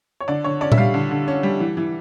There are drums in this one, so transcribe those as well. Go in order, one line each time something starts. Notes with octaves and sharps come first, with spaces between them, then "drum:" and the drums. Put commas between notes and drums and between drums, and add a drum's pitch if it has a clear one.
C#5
D3 D5
D3 C#5
C#4 D5
E5, drum: tom A#2
G3 F5
D3
D3
C#4
G3
E3
E3